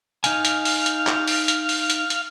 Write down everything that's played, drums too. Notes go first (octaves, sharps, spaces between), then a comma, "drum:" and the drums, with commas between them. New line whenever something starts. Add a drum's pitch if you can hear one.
D#4 F5 G#5, drum: hi-hat
drum: hi-hat
drum: open hi-hat
drum: hi-hat
drum: clap
drum: open hi-hat
drum: hi-hat
drum: open hi-hat
drum: hi-hat
drum: hi-hat